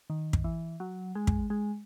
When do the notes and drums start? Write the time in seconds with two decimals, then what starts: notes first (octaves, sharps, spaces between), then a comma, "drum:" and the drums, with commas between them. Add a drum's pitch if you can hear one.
0.10 D#3
0.33 drum: kick
0.44 E3
0.80 F#3
1.15 G#3
1.27 drum: kick
1.50 G#3